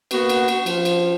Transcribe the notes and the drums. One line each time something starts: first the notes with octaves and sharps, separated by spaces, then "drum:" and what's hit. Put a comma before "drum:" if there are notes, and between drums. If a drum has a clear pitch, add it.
A#3 B3 F#4, drum: cymbal
drum: cymbal
drum: cymbal
F3, drum: cymbal
drum: cymbal